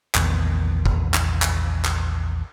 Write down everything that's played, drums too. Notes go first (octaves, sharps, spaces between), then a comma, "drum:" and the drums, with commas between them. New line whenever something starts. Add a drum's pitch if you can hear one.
A#1 E2 D#3 B3, drum: clap
drum: kick
drum: clap
drum: clap
drum: clap